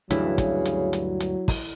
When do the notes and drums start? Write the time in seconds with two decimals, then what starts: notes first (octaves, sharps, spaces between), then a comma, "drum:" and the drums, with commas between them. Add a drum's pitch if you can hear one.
0.11 D2 G2 C#3 E3 F#3 E4, drum: hi-hat
0.38 drum: kick, hi-hat
0.65 drum: hi-hat
0.93 drum: hi-hat
1.20 drum: hi-hat
1.48 drum: kick, open hi-hat